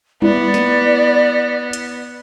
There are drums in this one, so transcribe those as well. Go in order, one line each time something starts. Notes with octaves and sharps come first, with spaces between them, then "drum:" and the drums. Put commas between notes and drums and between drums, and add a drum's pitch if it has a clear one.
B3 E4 D5, drum: tom G3
drum: snare
drum: hi-hat